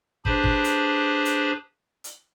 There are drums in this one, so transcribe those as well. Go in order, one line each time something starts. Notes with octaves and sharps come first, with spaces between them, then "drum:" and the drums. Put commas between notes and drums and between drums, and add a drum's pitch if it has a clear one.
D4 G4 G#4 B4 C5 B5, drum: kick
drum: kick
drum: hi-hat
drum: hi-hat
drum: hi-hat